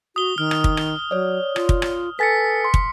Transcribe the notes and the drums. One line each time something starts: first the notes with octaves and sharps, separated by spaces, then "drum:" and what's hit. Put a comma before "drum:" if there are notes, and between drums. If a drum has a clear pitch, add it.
F#4 D#6 G7
D#3 F6
drum: rim click
drum: kick
drum: rim click
F#3 C#5 D5
F4, drum: rim click
drum: kick
drum: rim click
A4 B4 G#5 A6 B6 C#7
C6
drum: kick